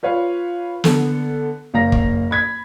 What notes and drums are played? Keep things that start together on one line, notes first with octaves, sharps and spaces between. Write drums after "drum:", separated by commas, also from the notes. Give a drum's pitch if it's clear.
F4 B4 C#5 F5
D3 B3 A4, drum: snare
F#1 F5 A#5 A#6
drum: kick
B5 G#6 B6